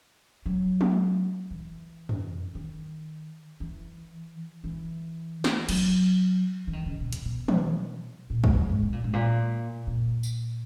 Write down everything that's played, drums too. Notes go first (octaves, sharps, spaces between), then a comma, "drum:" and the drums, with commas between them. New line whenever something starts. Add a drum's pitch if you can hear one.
F#3
drum: tom G#3
E3
drum: tom F2
D#3
E3
E3
drum: snare
F#3, drum: cymbal
E3
D#3
C#3
B2
B2, drum: hi-hat
B2
drum: tom
A#2
G#2, drum: kick
F#2
G#2
B2
A#2
G#2
A#2
A#2
drum: tambourine